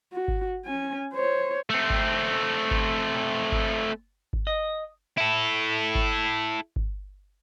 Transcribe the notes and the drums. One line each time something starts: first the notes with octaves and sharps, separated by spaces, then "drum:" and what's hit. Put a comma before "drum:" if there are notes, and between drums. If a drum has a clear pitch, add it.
F#4
drum: kick G1
C#4 G#5
C5 C#5
A3 C4
drum: kick G1
drum: kick G1
drum: kick G1
drum: kick G1
D#5
E4 A4
drum: kick G1
drum: kick G1